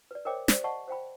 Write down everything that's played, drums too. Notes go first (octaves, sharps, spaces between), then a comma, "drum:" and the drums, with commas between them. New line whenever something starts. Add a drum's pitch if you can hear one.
B4 D5
A#4 C5 C#5 D#5 G5 D6
G4 C5 D5, drum: snare
D5 D#5 F5 F#5 A5 C#6
C5 F5 G5 B5